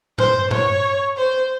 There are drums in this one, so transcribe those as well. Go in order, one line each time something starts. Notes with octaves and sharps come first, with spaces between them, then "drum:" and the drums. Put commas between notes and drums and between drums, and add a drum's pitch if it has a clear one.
C5, drum: tom G2
C#5, drum: tom G2
C5